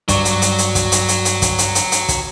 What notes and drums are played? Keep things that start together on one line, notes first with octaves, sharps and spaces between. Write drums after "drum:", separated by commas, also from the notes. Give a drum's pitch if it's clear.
G2 F#3 D5 C#6, drum: kick, hi-hat
drum: hi-hat
drum: hi-hat
drum: hi-hat
drum: kick, hi-hat
drum: hi-hat
drum: hi-hat
drum: hi-hat
drum: kick, hi-hat
drum: hi-hat
drum: hi-hat
drum: hi-hat
drum: kick, hi-hat